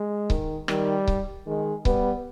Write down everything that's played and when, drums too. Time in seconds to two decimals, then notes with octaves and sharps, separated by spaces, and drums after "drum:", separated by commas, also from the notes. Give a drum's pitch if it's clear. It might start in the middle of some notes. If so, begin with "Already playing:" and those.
Already playing: G#3
0.30 D#3, drum: kick C#1
0.68 D#3 G3, drum: rim click
1.07 drum: kick C#1
1.46 D#3 G#3
1.85 G3 B3, drum: kick C#1